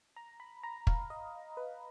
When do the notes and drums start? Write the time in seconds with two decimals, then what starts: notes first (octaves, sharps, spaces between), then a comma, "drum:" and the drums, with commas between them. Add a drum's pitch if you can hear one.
0.16 A#5
0.40 B5
0.63 A#5
0.87 F5, drum: kick
1.10 D#5
1.57 B4